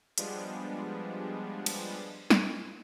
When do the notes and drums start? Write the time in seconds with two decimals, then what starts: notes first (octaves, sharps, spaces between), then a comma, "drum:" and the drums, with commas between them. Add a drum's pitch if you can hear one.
0.18 F3 G3 G#3 B3 D4, drum: hi-hat
1.66 drum: cymbal
2.30 drum: snare